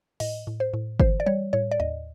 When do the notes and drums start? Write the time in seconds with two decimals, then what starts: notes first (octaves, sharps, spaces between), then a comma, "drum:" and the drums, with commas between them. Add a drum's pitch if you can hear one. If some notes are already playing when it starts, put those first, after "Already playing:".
0.20 A2 D#5, drum: open hi-hat
0.47 A2
0.60 C5
0.74 A2
1.00 E3 C5, drum: kick G1
1.20 D5
1.26 G3 C#5
1.53 A2 C#5
1.71 D5
1.80 D#2 D#5